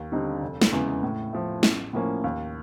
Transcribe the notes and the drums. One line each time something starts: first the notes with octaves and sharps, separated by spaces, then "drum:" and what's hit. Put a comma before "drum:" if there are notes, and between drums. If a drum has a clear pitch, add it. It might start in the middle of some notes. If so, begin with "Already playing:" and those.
Already playing: D#2
D3 G3 C4 D#4
F1
drum: snare
E2 C#3 E3 G#3
A2
F3 A3
A1, drum: snare
A2 F3 A#3 C#4
D#2